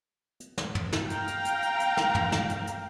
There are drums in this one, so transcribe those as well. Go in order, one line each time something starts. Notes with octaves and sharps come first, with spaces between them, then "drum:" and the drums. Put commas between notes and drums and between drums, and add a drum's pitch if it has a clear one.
drum: hi-hat
drum: snare
drum: tom
drum: snare
F5 G5 A#5, drum: hi-hat
drum: hi-hat
drum: hi-hat
drum: hi-hat
drum: hi-hat
drum: snare
drum: tom
drum: snare
drum: hi-hat
drum: hi-hat